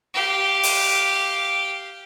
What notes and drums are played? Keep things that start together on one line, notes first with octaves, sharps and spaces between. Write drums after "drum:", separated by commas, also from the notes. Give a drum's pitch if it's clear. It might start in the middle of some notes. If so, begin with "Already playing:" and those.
G4 F5
drum: open hi-hat